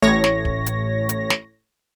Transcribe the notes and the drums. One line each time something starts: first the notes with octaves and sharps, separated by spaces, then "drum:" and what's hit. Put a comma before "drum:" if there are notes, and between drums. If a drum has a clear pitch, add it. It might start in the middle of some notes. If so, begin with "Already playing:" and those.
A1 A2 C#5 A#6
drum: snare
drum: kick
drum: hi-hat
drum: hi-hat
drum: snare